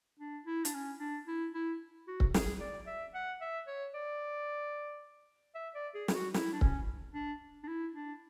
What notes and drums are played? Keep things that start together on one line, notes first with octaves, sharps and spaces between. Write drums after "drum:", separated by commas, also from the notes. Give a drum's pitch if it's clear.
D4
E4
D4, drum: hi-hat
C#4
D4
E4
E4
F#4
drum: kick C#1
G#4, drum: snare
D5
E5
F#5
E5
C#5
D5
E5
D5
G#4
E4, drum: snare
F#4
E4, drum: snare
D4
C#4, drum: kick C#1
D4
D4
E4
D4